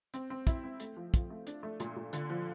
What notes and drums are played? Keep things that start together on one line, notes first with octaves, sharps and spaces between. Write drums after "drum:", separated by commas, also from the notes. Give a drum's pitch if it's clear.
C4, drum: hi-hat
C4
E4, drum: kick, hi-hat
C4
A3, drum: hi-hat
F3
F3, drum: kick, hi-hat
A3
D4, drum: hi-hat
A3
A#2, drum: hi-hat
A#2
D3, drum: hi-hat
F3